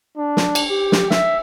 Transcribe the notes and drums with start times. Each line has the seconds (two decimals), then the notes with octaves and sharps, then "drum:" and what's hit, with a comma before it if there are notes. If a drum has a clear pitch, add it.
0.17 D4
0.37 drum: snare
0.55 drum: cymbal
0.70 G4
0.92 drum: snare
1.11 E5, drum: snare